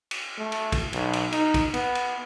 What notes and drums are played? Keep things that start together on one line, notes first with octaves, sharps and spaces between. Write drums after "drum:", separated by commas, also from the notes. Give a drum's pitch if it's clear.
drum: cymbal
A3
drum: cymbal
drum: kick, cymbal
B1, drum: cymbal
drum: cymbal
D#4, drum: cymbal
drum: kick, cymbal
B3, drum: cymbal
drum: cymbal